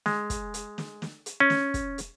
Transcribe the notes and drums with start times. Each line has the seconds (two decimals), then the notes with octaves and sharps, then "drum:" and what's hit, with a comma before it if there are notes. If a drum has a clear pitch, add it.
0.06 G#3, drum: snare
0.30 drum: kick, hi-hat
0.54 drum: hi-hat
0.78 drum: snare
1.02 drum: snare
1.26 drum: hi-hat
1.40 C#4
1.50 drum: snare
1.74 drum: kick, hi-hat
1.98 drum: hi-hat